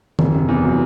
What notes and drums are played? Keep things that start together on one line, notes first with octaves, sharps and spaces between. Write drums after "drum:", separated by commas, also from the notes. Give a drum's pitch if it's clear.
F#1, drum: tom D#3
C3
E2
F#3